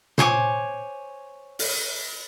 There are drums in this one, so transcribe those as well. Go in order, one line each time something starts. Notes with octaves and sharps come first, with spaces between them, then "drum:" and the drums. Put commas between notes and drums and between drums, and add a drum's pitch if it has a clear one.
C5 C#5 G#5 D6, drum: tom A#2
drum: open hi-hat